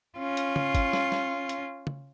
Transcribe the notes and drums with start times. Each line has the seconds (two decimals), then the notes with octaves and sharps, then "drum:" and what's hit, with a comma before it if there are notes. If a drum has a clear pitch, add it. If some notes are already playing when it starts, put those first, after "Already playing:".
0.18 C#4 F4
0.37 drum: hi-hat
0.56 drum: tom
0.75 drum: kick G1, hi-hat
0.93 drum: snare
1.12 drum: snare
1.49 drum: hi-hat
1.87 drum: tom